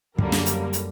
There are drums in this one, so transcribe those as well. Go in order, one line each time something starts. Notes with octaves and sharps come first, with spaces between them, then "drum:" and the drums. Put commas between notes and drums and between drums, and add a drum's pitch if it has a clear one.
F#2 D3 G3 A#3 A#4, drum: kick
drum: snare
drum: hi-hat
drum: hi-hat